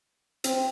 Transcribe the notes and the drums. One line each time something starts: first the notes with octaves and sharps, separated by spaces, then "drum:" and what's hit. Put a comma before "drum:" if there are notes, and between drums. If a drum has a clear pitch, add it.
C4, drum: hi-hat